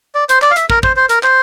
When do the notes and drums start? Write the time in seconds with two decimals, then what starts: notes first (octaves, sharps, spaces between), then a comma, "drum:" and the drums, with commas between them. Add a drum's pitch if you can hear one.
0.15 D5
0.29 C5, drum: hi-hat
0.42 D5, drum: clap
0.51 F5
0.56 E5, drum: hi-hat
0.70 A#4, drum: kick
0.83 C5, drum: kick
0.96 C5
1.09 A#4, drum: hi-hat
1.23 C5, drum: clap